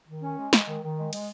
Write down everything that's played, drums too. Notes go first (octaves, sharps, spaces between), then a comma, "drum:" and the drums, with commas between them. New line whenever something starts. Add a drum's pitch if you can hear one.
D#3
C#4
G#3
G#3, drum: snare
D#3
D#3
G#3
G#3, drum: cymbal